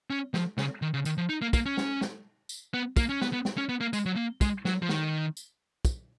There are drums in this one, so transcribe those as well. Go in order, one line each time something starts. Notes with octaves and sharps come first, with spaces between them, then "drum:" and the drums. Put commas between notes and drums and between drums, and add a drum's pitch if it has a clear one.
C#4
F3, drum: snare
C#3, drum: snare
D#3
C#3
D#3, drum: tambourine
F3
D#4
A#3
A#3, drum: kick, tambourine
C#4
drum: snare
drum: snare
drum: tambourine
B3
A#3, drum: kick, tambourine
C#4
B3, drum: snare
B3
drum: snare
C#4
B3
A#3
G#3, drum: tambourine
F#3
A#3
G#3, drum: kick, tambourine
F#3, drum: snare
F3
D#3, drum: snare
drum: tambourine
drum: kick, tambourine